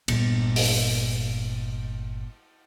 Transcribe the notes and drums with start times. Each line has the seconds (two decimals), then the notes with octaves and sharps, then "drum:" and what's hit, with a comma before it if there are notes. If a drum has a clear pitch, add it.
0.08 G1 A#2, drum: cymbal
0.56 drum: open hi-hat